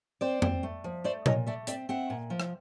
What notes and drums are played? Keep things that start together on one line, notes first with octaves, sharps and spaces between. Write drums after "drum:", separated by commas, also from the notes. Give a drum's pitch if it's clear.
C4 C5 D5
C4, drum: tom F2
A3
F3
A3 C5 D5
A#2 C#5 D#5, drum: tom A#2
A3 D5 E5
C4 D5 E5, drum: hi-hat
C4 E5 F#5
A#2
F3
drum: rim click